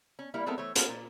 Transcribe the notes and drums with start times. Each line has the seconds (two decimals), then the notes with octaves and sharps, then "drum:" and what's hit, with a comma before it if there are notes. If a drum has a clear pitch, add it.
0.19 C#4
0.34 G3 A#3 E4
0.46 G#3 B3 C4 E4 A4 A#4
0.58 E3 A3 C5 C#5
0.76 A#3 B3 C#4 F#4 G#4 A4, drum: hi-hat
0.89 A#2